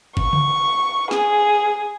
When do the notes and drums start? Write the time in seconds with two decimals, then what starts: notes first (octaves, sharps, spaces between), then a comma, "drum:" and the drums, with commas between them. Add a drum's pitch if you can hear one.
0.17 C#6, drum: kick
0.33 drum: tom C#3
1.11 G#4, drum: snare